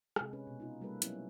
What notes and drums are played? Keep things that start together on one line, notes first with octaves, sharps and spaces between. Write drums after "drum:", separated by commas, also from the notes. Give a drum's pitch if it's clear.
C3 G#3, drum: rim click
C#4 B4
B2
D#4 F4
G3 A3 A#3 F4 A4 B4
F#3 B3 C#4 E4, drum: hi-hat